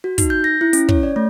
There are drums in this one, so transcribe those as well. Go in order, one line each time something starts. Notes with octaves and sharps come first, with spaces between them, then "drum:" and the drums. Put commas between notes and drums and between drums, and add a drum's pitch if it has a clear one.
F#4
D#4, drum: kick, hi-hat
G6
A#6
E4
C#4, drum: hi-hat
C#5, drum: kick
D5
A3